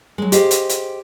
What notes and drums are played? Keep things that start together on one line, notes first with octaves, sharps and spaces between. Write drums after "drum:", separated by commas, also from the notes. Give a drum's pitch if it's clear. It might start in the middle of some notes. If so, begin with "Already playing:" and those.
F#3 G#3
G4 G#4 C5 D#5 F5, drum: hi-hat
drum: hi-hat
drum: hi-hat